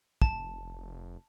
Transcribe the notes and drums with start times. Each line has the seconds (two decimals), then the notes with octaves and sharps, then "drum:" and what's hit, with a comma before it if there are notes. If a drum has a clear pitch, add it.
0.22 F1 A5, drum: kick